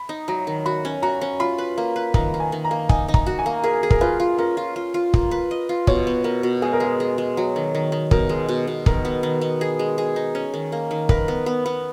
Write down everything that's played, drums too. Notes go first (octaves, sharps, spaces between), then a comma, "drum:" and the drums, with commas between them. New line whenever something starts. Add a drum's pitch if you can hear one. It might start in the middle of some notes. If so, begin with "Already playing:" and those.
Already playing: B5
D#4
F#3 A#5
D#3
F#4 B5
C#4
F#4 A#5
C#4
F4 B5
B4
A#3
B4
D#3 A#5, drum: kick
D#3
G#5
D#3
A#5
A#3
D#4 G#5, drum: kick
D#4
A#5, drum: kick
F#4
G#5
A#3
G#4 A#4
G#4
A#4, drum: kick
F4 B4
F4
C#4 A#4
F4
F4
F4
A#3, drum: kick
B4
D#5
F4
B2 C#5, drum: kick
B3
B3 A#4
B2
G#3 G#4
A#4
G#3 G#4
G#3
G#3
F#3
D#3
D#3
D#3
B2 A#4, drum: kick
G#3
B2
B2
D#3 A#4, drum: kick
B3
D#3
B3
G#4
G#3
G#4
D#4
C#4
D#3
A#3
D#3
A#4 B4, drum: kick
B3
B3
B3